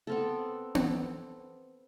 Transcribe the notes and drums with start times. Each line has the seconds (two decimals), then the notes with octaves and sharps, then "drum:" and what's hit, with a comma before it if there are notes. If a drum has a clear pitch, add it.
0.07 B3 C4 A4
0.75 drum: tom B3